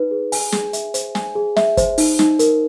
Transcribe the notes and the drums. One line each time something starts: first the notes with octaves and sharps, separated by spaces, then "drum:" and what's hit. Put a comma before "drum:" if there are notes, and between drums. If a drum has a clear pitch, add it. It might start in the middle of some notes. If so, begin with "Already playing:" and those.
Already playing: D#4 B4
G#4
G#5, drum: open hi-hat
G#4, drum: snare
E5, drum: hi-hat
C5, drum: hi-hat
G#5, drum: snare
G#4
E5, drum: snare
C5, drum: kick, hi-hat
D#4, drum: open hi-hat
D#4, drum: snare
A#4, drum: hi-hat